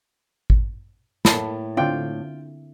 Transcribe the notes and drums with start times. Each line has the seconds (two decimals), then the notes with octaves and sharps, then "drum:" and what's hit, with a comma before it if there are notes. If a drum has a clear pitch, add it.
0.50 drum: kick G#1
1.25 A2 A#3 A4 A5 B5, drum: snare
1.77 D3 C4 F4 D5 G5